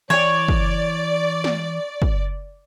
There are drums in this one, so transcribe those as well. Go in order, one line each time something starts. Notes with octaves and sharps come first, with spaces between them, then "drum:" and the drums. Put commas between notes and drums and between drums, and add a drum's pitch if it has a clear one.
E3 C#5 D5 G5
drum: kick
drum: snare
drum: kick